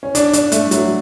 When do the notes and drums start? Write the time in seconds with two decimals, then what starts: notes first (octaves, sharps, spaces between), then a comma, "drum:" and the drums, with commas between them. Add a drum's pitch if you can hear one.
0.03 C#4
0.15 D4, drum: hi-hat
0.33 D4, drum: hi-hat
0.52 A3, drum: hi-hat
0.71 F#3, drum: hi-hat